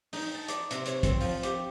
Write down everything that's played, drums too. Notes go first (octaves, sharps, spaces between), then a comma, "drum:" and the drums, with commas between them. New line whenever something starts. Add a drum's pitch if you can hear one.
D#4, drum: open hi-hat
A5
D5, drum: hi-hat
C3, drum: hi-hat
C#5, drum: hi-hat
C4, drum: kick, hi-hat
F3, drum: open hi-hat
G4, drum: hi-hat